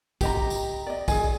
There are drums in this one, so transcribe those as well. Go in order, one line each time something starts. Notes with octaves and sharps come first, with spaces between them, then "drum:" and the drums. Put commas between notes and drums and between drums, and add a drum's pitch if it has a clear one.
G4 D#5 A#5, drum: kick, tambourine
drum: tambourine
D5 D#5
G#4 G#5, drum: kick, tambourine